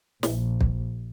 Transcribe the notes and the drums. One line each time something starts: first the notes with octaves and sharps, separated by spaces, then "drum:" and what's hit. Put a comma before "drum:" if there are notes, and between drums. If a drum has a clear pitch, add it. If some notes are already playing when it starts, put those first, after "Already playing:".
A#1, drum: snare
drum: kick